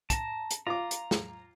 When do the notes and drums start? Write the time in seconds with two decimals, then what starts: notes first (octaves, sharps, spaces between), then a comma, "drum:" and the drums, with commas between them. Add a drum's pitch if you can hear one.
0.10 A5 A#5, drum: kick, hi-hat
0.50 drum: hi-hat
0.67 F4 A#5 D6
0.91 drum: hi-hat
1.11 drum: snare